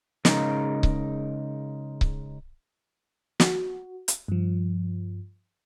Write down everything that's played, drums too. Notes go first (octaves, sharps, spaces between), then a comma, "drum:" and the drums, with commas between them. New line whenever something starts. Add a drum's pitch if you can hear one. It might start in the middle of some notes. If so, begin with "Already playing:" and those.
C#3 G#3 D#4 A#4, drum: snare
drum: kick C#1
drum: kick C#1
F#4, drum: snare
drum: hi-hat
G2 F3